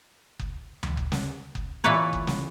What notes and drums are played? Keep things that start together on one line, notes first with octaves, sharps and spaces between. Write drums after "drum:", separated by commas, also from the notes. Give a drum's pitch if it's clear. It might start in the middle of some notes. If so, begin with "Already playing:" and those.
drum: kick F#1
drum: tom D2
drum: kick F#1
drum: snare
drum: kick F#1
A#2 E3 E4 A4 B4 C#5
drum: kick F#1
drum: snare